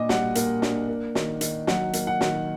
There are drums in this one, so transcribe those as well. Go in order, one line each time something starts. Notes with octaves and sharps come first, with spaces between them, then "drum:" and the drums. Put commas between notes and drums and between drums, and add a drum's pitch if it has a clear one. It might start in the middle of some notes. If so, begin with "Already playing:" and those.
Already playing: A#2 A#3 D4 D#5 D6
G3 F#5, drum: snare
A#3, drum: hi-hat
D4, drum: snare
A#3
D#3, drum: snare
D#3, drum: hi-hat
F#3 F#5, drum: snare
A#3, drum: hi-hat
F#5
D#3, drum: snare